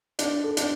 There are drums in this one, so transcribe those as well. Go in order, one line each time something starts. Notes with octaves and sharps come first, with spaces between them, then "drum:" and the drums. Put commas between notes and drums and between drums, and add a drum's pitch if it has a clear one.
D4, drum: hi-hat
A4
D4, drum: hi-hat